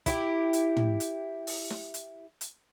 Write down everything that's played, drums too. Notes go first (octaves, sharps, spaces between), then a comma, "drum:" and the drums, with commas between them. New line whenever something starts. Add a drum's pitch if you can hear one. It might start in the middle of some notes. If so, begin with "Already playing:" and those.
E4 F#4 G4, drum: kick, hi-hat
drum: hi-hat
drum: tom
drum: hi-hat
drum: open hi-hat
drum: snare
drum: hi-hat
drum: hi-hat